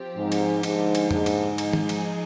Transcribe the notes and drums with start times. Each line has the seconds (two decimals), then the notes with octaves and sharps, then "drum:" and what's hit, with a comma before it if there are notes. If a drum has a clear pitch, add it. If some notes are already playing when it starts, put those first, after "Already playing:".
Already playing: F3 C4 G4
0.16 G#2
0.32 drum: cymbal
0.63 G#2 D3 F3 A#3 D4 G4, drum: cymbal
0.95 drum: cymbal
1.11 G#2, drum: tom F2
1.26 drum: cymbal
1.58 F3 G#3 D#4 G#4, drum: cymbal
1.73 drum: tom D#3
1.89 drum: cymbal